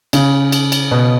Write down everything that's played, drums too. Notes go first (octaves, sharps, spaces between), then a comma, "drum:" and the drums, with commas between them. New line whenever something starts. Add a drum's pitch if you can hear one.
C#3, drum: cymbal
drum: cymbal
drum: cymbal
B2